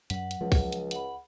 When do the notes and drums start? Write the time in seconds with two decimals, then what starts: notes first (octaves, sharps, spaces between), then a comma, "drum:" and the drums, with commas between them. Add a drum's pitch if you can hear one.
0.10 F#2 F#3 F#5, drum: hi-hat
0.31 drum: hi-hat
0.41 C#2 F3 G#3
0.52 drum: kick, open hi-hat
0.72 drum: hi-hat
0.91 F#5 B5, drum: hi-hat